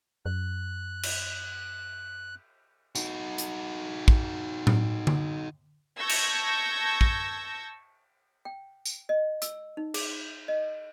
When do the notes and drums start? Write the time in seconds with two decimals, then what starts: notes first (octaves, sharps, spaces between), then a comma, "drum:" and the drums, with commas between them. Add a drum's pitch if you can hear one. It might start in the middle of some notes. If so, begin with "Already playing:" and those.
0.26 F#2 F#6
1.03 drum: cymbal
2.95 D#4 F#4, drum: tambourine
3.38 drum: hi-hat
4.08 drum: kick
4.67 drum: tom A2
5.07 drum: tom D3
5.98 A5 C#6 E6 G6 G#6 A#6
6.09 drum: cymbal
7.01 drum: kick
8.45 G5
8.85 drum: tambourine
9.09 D#5
9.42 E6, drum: hi-hat
9.77 D#4
9.94 G#4, drum: cymbal
10.48 D#5